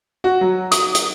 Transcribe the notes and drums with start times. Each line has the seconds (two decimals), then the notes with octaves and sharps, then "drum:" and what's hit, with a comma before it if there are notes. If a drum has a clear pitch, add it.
0.24 F#4
0.41 F#3
0.71 D#6, drum: hi-hat
0.95 drum: hi-hat